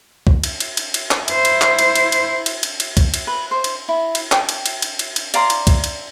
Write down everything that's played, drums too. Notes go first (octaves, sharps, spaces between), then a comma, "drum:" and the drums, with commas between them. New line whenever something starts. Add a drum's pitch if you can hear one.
drum: kick
drum: cymbal
drum: cymbal
drum: cymbal
drum: cymbal
drum: clap
E4 C5, drum: cymbal
drum: cymbal
drum: clap
drum: cymbal
drum: cymbal
drum: cymbal
drum: cymbal
drum: cymbal
drum: cymbal
drum: kick, cymbal
drum: cymbal
B4
C5
drum: cymbal
E4
drum: cymbal
G5 A5, drum: clap
drum: cymbal
drum: cymbal
drum: cymbal
drum: cymbal
drum: cymbal
D5 F5 A#5 C6, drum: cymbal
drum: cymbal
drum: kick, cymbal
drum: cymbal